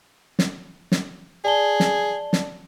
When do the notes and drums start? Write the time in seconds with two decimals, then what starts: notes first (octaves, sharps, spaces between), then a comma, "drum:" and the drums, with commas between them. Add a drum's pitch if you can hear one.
0.39 drum: snare
0.92 drum: snare
1.45 G#4 D5 A5 G7
1.80 drum: snare
2.33 drum: snare